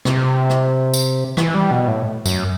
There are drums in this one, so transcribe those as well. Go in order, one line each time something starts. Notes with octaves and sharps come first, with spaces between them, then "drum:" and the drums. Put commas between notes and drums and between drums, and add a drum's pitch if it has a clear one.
C3, drum: rim click
drum: rim click
drum: tambourine
E3, drum: rim click
G3
B2
A2
F#2, drum: tambourine